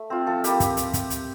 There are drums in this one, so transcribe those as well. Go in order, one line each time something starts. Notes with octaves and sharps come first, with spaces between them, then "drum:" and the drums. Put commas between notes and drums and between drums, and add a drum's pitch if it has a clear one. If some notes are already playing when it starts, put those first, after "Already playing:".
Already playing: A3
C4 F4
F3 A4
A#3 E4 G4, drum: hi-hat
drum: kick, hi-hat
drum: hi-hat
drum: kick, hi-hat
drum: hi-hat